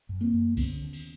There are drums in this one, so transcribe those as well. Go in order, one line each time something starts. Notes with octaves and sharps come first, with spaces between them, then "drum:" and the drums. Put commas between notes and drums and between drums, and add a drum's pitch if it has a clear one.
F#2
A#3 C4
F#2
D3 B3 C#4, drum: kick C2, cymbal
D#2
drum: cymbal